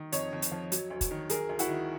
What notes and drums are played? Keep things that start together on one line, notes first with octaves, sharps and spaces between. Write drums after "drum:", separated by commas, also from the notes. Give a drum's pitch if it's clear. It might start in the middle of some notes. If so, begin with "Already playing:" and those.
Already playing: D#3
F2 C#5 D#5, drum: hi-hat
F2
drum: hi-hat
F3
F#3, drum: hi-hat
D2
drum: kick, hi-hat
D#3
F#3 G#4 A#4, drum: hi-hat
D2
E4 F#4, drum: hi-hat
D#3